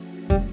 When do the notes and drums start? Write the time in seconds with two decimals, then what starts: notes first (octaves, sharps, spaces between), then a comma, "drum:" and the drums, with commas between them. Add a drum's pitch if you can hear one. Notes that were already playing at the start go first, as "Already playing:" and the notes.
Already playing: F3 A3 C#4 F#4
0.30 G3, drum: kick